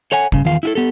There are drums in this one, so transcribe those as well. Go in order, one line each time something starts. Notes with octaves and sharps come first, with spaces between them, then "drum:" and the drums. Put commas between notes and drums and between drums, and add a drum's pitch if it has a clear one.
A4 C#5 F#5 G#5
G2 C#3, drum: kick
E2 D#3 F4 F5
E4 F4 A4
B3 G4 A4